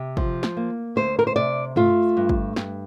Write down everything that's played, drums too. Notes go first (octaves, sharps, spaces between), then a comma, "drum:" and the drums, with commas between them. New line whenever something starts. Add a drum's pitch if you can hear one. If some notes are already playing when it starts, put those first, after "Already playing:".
Already playing: C3
F3, drum: kick
drum: snare
A#3
D2 C5
A#4
C5
C3 D5
A3 F4, drum: tom G2
G2
drum: kick
G2, drum: snare